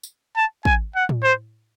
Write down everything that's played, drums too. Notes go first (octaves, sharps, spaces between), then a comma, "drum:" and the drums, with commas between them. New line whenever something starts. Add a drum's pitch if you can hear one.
drum: tambourine
A5
G#5, drum: kick
F#5
drum: tom A2
C5